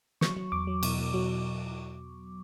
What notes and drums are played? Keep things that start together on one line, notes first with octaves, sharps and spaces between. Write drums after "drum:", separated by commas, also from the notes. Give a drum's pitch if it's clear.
F#3 C#6, drum: snare
F#3
E2 D6
F#3
B2, drum: cymbal
B2
F#3